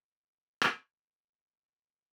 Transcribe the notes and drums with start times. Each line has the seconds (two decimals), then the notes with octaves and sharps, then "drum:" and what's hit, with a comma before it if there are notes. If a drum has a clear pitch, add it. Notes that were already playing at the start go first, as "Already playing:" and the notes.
0.21 F#3 A4 C#5 A#5
0.62 drum: rim click